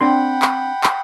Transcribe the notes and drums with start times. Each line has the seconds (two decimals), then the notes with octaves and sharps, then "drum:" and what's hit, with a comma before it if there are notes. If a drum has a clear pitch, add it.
0.01 C4 D4 F#5 G5 B5 C6
0.42 drum: clap
0.84 drum: clap